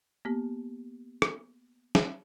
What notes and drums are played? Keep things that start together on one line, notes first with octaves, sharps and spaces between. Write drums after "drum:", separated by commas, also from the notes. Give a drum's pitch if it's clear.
A#3 B3 G4
drum: rim click
drum: snare